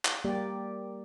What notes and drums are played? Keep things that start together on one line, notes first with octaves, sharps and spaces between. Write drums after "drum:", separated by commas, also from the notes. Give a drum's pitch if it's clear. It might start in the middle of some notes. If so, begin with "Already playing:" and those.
drum: clap
G3 A#3 G4 D5